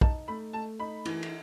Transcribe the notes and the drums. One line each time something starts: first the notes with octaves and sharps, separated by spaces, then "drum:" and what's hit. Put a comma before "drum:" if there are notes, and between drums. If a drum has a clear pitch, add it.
D#4 A5, drum: kick
A3 B5
A3 A5
D#4 B5
E3, drum: cymbal
drum: cymbal